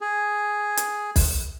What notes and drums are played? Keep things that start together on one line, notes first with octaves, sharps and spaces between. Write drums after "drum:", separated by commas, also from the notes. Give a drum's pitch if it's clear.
G#4
drum: hi-hat
drum: kick B1, open hi-hat